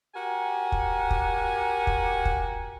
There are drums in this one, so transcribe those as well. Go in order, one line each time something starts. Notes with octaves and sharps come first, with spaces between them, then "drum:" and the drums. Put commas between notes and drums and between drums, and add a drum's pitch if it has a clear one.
F#4 G4 A#4 G#5
drum: kick
drum: kick
drum: kick
drum: kick